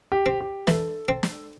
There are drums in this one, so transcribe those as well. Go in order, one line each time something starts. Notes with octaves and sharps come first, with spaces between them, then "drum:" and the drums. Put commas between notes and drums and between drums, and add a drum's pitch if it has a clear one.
G4
C4
G4
E3 A4, drum: snare
C4
drum: snare